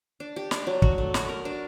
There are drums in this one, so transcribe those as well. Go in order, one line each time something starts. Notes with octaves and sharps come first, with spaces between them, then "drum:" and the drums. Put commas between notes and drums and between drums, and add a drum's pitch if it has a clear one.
D4
G4
D4, drum: snare
F#3
F#4, drum: kick
A3
F#4, drum: snare
A#4
D4